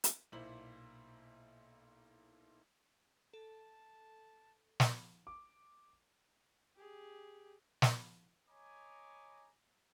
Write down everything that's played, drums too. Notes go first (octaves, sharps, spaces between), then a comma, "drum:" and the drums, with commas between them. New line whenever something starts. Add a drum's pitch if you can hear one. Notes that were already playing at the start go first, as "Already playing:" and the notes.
drum: hi-hat
B1 A#2 E4 C5 F#7
A4 A5
drum: snare
D6
G4 G#4
drum: snare
C#5 D#5 G#5 A#5 B5 D6